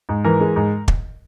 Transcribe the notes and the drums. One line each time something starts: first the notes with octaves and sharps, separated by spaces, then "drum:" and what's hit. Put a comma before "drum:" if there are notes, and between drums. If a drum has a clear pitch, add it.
G#2
E3 A#4
G#3
G#2
drum: kick